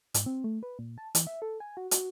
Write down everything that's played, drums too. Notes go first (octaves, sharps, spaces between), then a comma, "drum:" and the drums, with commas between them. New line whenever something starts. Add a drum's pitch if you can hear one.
G#2, drum: hi-hat
C4
A3
B4
A#2
A5
E3, drum: hi-hat
E5
A4
G#5
F#4
F#4, drum: hi-hat